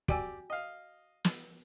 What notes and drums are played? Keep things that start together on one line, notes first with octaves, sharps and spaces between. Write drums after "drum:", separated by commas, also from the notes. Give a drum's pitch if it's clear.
F#4 G4 D5 G5 G#5 E6, drum: kick
D#5 F5
drum: snare